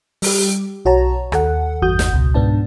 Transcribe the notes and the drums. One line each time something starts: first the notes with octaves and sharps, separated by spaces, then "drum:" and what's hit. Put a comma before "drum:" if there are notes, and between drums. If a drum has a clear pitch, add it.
G3 G4, drum: open hi-hat
B1 F#4 C#5 A5 A#5
D#2 A4 F#5, drum: rim click
G#1 E2 G2 F#4 D#6 G6
drum: snare
C#2 B2
G#2 B2 B3 D4 A5